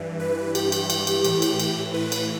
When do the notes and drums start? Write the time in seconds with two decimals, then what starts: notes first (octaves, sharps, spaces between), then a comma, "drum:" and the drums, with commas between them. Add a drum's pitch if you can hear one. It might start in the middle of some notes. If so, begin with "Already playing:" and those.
Already playing: G2 E3
0.20 B4
0.55 G4, drum: cymbal
0.72 drum: cymbal
0.90 drum: cymbal
1.07 drum: cymbal
1.24 A2 E3, drum: cymbal
1.42 drum: cymbal
1.60 drum: cymbal
1.94 B4
2.12 drum: cymbal